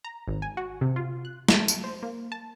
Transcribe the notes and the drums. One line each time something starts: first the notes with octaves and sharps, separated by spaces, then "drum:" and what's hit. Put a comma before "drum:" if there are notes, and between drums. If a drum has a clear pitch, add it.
A#5
G#1
G#5
F#4
C3
F4
F#6
A5, drum: snare
drum: tambourine
C5
A#3
A5